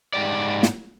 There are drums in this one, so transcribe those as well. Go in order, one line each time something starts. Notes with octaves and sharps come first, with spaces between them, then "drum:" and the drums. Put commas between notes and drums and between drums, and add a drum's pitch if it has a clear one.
G#2 G4 D5
drum: snare